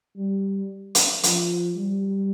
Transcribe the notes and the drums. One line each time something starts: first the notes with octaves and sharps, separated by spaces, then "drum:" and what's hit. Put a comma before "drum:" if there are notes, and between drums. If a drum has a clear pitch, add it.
G3
drum: hi-hat
F3, drum: hi-hat
G3